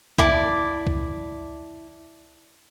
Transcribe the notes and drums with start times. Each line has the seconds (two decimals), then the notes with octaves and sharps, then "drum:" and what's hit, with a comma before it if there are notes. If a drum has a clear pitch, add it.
0.18 E4 D5 A5, drum: kick
0.87 drum: kick